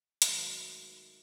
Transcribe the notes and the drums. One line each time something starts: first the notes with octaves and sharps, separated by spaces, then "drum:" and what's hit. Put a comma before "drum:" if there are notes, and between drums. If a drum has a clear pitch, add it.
G#2 D#3 F#3 A3, drum: hi-hat